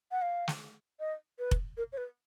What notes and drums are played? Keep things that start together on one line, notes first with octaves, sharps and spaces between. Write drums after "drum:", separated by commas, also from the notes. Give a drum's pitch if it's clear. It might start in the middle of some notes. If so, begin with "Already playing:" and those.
F#5
F5
drum: snare
D#5
B4
drum: kick F1
A#4
C#5
B4